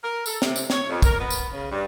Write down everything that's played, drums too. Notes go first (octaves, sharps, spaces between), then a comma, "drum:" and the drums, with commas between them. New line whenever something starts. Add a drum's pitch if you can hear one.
A#4
A4, drum: tambourine
C3, drum: snare
drum: tambourine
C#5, drum: snare
F2
A#4, drum: kick, tambourine
B3
drum: tambourine
C#3
G2